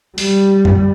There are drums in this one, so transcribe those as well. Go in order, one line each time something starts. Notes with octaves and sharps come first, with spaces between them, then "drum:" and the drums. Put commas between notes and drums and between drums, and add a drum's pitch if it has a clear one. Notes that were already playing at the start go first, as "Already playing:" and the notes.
G3, drum: open hi-hat
drum: tom F#2